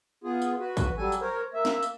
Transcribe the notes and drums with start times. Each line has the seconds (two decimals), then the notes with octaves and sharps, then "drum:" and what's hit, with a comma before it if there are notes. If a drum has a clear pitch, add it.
0.24 B3 F4 G#4
0.42 drum: tambourine
0.60 F#4 B4
0.77 drum: kick, tambourine
0.98 F#3 G3 A4 G#5
1.12 drum: tambourine
1.22 A#4 C5 C#5
1.54 A#3 E5
1.65 drum: snare
1.83 drum: tambourine